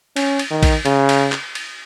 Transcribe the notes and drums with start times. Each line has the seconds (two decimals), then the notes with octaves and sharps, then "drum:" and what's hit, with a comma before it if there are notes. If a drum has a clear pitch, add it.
0.16 C#4, drum: cymbal
0.39 drum: cymbal
0.51 D#3
0.63 drum: kick, cymbal
0.85 C#3, drum: cymbal
1.09 drum: cymbal
1.32 drum: clap
1.55 drum: cymbal